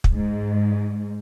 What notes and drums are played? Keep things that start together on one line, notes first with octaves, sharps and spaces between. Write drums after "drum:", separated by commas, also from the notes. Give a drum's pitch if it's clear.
drum: kick
G#2